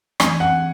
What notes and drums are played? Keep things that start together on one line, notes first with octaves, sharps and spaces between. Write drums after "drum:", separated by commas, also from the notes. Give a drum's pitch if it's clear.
E3 A3 C4 G#5, drum: rim click
F#5